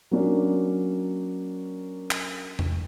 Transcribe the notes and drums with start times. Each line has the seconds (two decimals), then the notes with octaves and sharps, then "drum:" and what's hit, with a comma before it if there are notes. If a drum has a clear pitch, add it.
0.11 F#3 A#3 C#4 D4
2.11 drum: clap
2.59 drum: tom E2